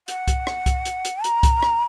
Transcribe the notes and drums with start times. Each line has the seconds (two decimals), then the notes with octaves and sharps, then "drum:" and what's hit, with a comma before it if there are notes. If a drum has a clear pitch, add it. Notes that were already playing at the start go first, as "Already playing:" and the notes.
0.08 F#5, drum: hi-hat
0.28 drum: kick C2, hi-hat
0.47 drum: rim click
0.66 drum: kick C2, hi-hat
0.85 drum: hi-hat
1.05 drum: hi-hat
1.24 A#5, drum: hi-hat
1.43 drum: kick C2, hi-hat
1.63 drum: rim click